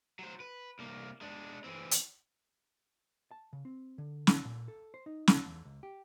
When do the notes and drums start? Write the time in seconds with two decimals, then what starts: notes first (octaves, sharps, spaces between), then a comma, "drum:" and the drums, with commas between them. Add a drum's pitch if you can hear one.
0.19 F#3 C5
0.40 B4
0.79 C2 A#3
1.21 G#3 D4
1.64 E3 C4
1.91 drum: hi-hat
3.31 A5
3.53 C#3
3.65 C4
3.98 D3
4.27 drum: snare
4.45 A#2
4.68 A4
4.94 C5
5.06 D#4
5.27 C#3, drum: snare
5.45 E2
5.65 C#2
5.83 G4